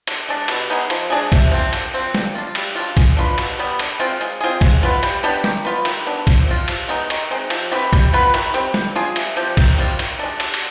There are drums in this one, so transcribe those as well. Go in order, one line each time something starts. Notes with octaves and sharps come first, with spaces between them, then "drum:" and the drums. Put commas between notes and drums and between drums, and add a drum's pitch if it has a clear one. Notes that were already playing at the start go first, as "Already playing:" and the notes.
D3, drum: cymbal
G#3 D4
B2, drum: cymbal
B3 D#4 G#4
F3, drum: cymbal
G#3 D4 G#4
C3, drum: kick A#1, cymbal
F3 C4
D3, drum: cymbal
F3 C4
G3, drum: snare
D4 F4
G3, drum: cymbal
D4 F4
G#3, drum: kick A#1, cymbal
D4 F4 B4
B2, drum: cymbal
G3 B3
D3, drum: cymbal
G#3 C4 F4
G#3
C4 F4 G#4
G#3, drum: kick A#1, cymbal
B3 F4 B4
G3, drum: cymbal
B3 D4 G4
D#3, drum: snare
B3 F4 B4
D#3, drum: cymbal
B3 D4
F3, drum: kick A#1, cymbal
C4 F4
F3, drum: cymbal
G#3 B3 D#4
D#3, drum: cymbal
G#3 C4 D#4
F3, drum: cymbal
C4 G4 B4
G3, drum: kick A#1, cymbal
B3 F4 B4
D#3, drum: cymbal
G3 C4
G3, drum: snare
D4 F4 G#4
C3, drum: cymbal
F3 C4 G4
D#3, drum: kick A#1, cymbal
G3 C4 F4
D#3, drum: cymbal
G#3 D4
D3, drum: cymbal
drum: cymbal